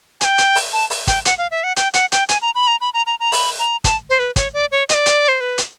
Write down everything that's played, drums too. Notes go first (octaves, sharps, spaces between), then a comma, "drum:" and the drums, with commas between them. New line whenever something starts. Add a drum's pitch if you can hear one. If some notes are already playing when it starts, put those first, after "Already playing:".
G#5, drum: hi-hat
G5
drum: hi-hat
drum: open hi-hat
A5
drum: open hi-hat
G5, drum: kick, hi-hat
F#5, drum: hi-hat
F5
E5
F#5
G5, drum: hi-hat
F#5, drum: hi-hat
G5, drum: hi-hat
G#5, drum: hi-hat
A#5
B5
A#5
B5
A#5
A#5
A#5
B5, drum: open hi-hat
A#5
A5, drum: kick, hi-hat
C5
B4
C#5, drum: kick, hi-hat
D5
C#5
D#5, drum: hi-hat
D5
drum: hi-hat
C5
B4
drum: hi-hat